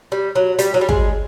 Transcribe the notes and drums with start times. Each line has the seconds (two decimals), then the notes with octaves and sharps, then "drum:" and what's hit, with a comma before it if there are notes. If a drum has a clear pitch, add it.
0.12 G3
0.36 F#3
0.59 G3, drum: hi-hat
0.74 F#3
0.81 G3
0.89 G#3, drum: kick